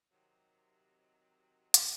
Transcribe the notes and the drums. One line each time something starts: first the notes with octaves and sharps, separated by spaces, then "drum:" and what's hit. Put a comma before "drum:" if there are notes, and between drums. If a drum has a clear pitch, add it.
C3 D#3 F#3
drum: hi-hat